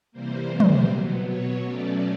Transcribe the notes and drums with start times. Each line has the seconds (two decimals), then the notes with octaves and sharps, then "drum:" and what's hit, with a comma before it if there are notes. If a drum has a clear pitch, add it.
0.12 C3 E3 G3 A#3 C5
0.60 drum: tom
0.88 B2 F#3 B3
1.24 C#5
1.62 B2 F#3 A3 C#4 D5